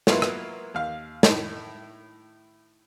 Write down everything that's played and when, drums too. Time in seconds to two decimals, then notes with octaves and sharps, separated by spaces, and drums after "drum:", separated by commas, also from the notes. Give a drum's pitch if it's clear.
0.07 F#3 A#3 B3 E4 F4, drum: snare
0.22 drum: rim click
0.74 D#2 F5
1.23 A2 D#3, drum: snare